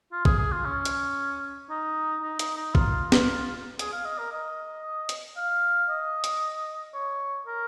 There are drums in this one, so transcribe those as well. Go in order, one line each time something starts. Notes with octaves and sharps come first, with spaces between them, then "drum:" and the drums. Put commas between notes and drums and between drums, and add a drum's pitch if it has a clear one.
F4
G#4, drum: kick
G#4
F4
C#4
drum: hi-hat
D#4
D#4
D#4, drum: hi-hat
D#4
F4, drum: kick
drum: snare
G#4, drum: hi-hat
F5
D#5
A#4
D#5
drum: hi-hat
F5
D#5
drum: hi-hat
C#5
A#4